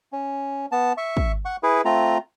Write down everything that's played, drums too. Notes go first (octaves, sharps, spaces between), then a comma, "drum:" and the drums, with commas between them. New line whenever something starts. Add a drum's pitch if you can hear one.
C#4
B3 A5
E5 C#6
drum: kick
F#5 C#6
E4 G#4 B4
A3 C4 F4 A#5